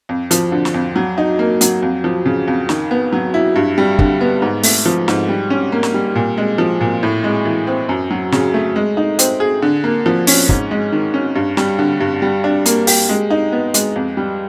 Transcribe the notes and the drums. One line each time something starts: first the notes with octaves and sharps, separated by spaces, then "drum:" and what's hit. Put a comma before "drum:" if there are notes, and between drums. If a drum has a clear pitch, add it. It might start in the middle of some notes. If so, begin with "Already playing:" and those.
F2
F3, drum: hi-hat
D3
drum: snare
F2
F#3
D#4
A#3
F#3, drum: hi-hat
F2
F3
C#3
F2
D#3, drum: snare
B3
F#3
E4
G2
G3
D3, drum: kick
B3
G#2
A3, drum: open hi-hat
F3
G#2, drum: snare
G3
C#4
A#3
drum: snare
G3
A#2
G#3
F3
A#2
A2
G#3
E3
C4
F#2
F#3
C#3, drum: snare
A3
G#3
D#4
C4, drum: hi-hat
G#4
D3
A#3
F3
C#4, drum: open hi-hat
G#2, drum: kick
G#3
D#3
C#4
G2
G3, drum: snare
D3
G2
G3
D4
A#3, drum: hi-hat
G4, drum: open hi-hat
G#3
D#4
B3
G#3, drum: hi-hat
F2
G3